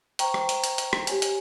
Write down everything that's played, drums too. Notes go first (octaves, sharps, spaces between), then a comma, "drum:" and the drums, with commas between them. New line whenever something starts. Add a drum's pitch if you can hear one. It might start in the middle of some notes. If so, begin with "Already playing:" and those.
C5 G5 A#5 C#6, drum: hi-hat
drum: rim click
drum: hi-hat
drum: hi-hat
drum: hi-hat
drum: rim click
G4 C#5 G#5, drum: hi-hat
drum: hi-hat